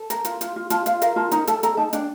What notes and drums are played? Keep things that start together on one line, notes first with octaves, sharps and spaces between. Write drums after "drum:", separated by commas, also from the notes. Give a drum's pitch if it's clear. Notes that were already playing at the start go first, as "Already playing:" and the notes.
Already playing: A4
A#4, drum: hi-hat
F4, drum: hi-hat
F4, drum: hi-hat
F4
F4 A5, drum: hi-hat
F4 F5, drum: hi-hat
A#4 F5, drum: hi-hat
F4 A5
D#4 A#5, drum: hi-hat
A4 A5, drum: hi-hat
A4 A#5, drum: hi-hat
D#4 A5
D4 G5, drum: hi-hat